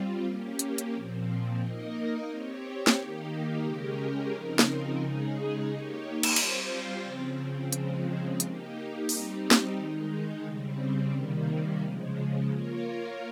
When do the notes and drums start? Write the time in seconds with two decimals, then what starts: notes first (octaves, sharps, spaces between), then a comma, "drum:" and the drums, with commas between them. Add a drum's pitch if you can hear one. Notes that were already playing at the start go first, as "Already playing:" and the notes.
Already playing: G3 C4 F4
0.24 A#3 C#4 G4
0.59 drum: hi-hat
0.78 drum: hi-hat
0.92 A#2 F3 C4
1.60 A#3 D#4 A#4 D#5
2.28 C4 G4 C#5
2.87 drum: snare
2.97 D#3 A#3 D#4 G4
3.64 C#3 G#3 C#4 G4 A#4
4.32 C#3 F3 C4 D#4 A#4
4.59 drum: snare
5.00 C#3 G#3 D#4 G#4
5.68 A#3 D#4 G4 C#5
6.23 drum: cymbal
6.36 G3 C4 F4 C5 F5, drum: cymbal
7.04 C#3 F3 C4
7.73 C#3 F3 G#3 C4, drum: hi-hat
8.40 A#3 D#4 G4, drum: hi-hat
9.09 G3 C4 D#4 G4, drum: open hi-hat
9.51 drum: snare
9.77 D#3 G#3 D#4
10.44 C#3 G3 C4
11.13 C3 D#3 G3 A#3
11.81 C#3 F3 G#3
12.49 A#3 F4 A#4 C#5